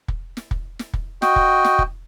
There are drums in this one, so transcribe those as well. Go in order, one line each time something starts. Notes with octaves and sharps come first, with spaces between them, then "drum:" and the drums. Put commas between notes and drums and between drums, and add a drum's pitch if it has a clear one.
drum: kick
drum: snare
drum: kick
drum: snare
drum: kick
F#4 D#5 G5, drum: snare
drum: kick
drum: snare
drum: kick